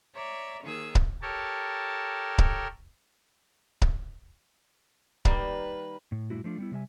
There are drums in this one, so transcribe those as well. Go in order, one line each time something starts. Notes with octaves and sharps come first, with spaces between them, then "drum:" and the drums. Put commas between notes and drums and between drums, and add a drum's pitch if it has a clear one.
C#5 D5 E5 A#5
D#2 D#3 G#4 E6
drum: kick C#1
G4 A4 A#4 C#5 A5
drum: kick C#1
drum: kick C#1
D#3 G3 A#3 B4, drum: kick C#1
A2
G2 A#2 F3 A3 E4 F#4
F3 A3 D4 F4
G3 B3 E4
C3 G3 E5 G#5